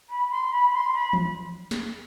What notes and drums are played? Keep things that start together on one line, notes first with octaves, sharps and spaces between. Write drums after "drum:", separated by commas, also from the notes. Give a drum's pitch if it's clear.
B5
C6
B5
C6
B5
drum: tom E3
drum: snare